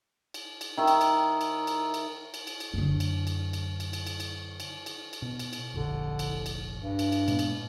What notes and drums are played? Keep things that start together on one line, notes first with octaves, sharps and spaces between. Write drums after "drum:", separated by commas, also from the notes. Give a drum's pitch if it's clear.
drum: cymbal
drum: cymbal
D#3 E5
drum: cymbal
drum: cymbal
drum: cymbal
drum: cymbal
drum: cymbal
drum: cymbal
drum: cymbal
drum: cymbal
F#2 D3
drum: cymbal
drum: cymbal
drum: cymbal
drum: cymbal
drum: cymbal
drum: cymbal
drum: cymbal
drum: cymbal
drum: cymbal
drum: cymbal
B2
drum: cymbal
drum: cymbal
F1 A#1 D3
drum: cymbal
drum: cymbal
G2
drum: cymbal
drum: cymbal
A#2 G#3 B3, drum: cymbal
drum: cymbal